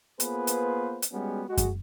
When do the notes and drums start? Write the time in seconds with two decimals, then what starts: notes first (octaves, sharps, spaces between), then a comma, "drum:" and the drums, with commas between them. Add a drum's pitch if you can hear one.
0.20 A#3 B3 F4 G#4 B4 C5, drum: hi-hat
0.47 drum: hi-hat
1.02 drum: hi-hat
1.12 G3 G#3 B3 C#4 F#4 G4
1.48 G#3 F#4
1.57 drum: kick F#2, hi-hat